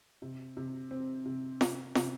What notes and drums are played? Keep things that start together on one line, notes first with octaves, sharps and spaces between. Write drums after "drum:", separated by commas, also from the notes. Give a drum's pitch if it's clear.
C3
C3
C4
C3
C3, drum: snare
C3, drum: snare